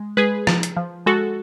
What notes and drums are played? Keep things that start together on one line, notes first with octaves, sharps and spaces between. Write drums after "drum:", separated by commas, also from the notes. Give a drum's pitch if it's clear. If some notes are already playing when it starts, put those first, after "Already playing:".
Already playing: G#3
G#3 G#4 B4
F3, drum: rim click
drum: hi-hat
F3
G#3 F#4 A4